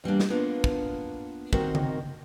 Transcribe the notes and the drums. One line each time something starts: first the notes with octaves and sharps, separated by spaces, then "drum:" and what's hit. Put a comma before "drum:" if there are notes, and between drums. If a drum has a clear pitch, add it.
E2 G3 A#3 D4
drum: snare
A#3 B3 D4 F4
drum: kick
D#3 C4 F#4 A#4 D#5, drum: kick
drum: tom C#3